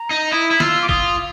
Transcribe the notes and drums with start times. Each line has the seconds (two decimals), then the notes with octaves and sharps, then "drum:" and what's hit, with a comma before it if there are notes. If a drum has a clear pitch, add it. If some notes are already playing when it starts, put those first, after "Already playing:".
Already playing: A#5
0.11 D#4
0.32 E4 D#6
0.51 E4
0.60 F4 E6, drum: snare
0.82 D6
0.89 F4 D#6, drum: kick G#1